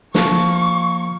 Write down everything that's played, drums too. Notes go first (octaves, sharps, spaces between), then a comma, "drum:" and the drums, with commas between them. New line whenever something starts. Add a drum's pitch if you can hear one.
F3 A#3 C#6, drum: snare